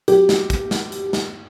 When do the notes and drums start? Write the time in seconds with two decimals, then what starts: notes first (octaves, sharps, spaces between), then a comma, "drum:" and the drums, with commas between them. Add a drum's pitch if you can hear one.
0.08 F#3 G4, drum: hi-hat
0.29 drum: snare
0.50 drum: kick, hi-hat
0.71 drum: snare
0.92 drum: hi-hat
1.13 drum: snare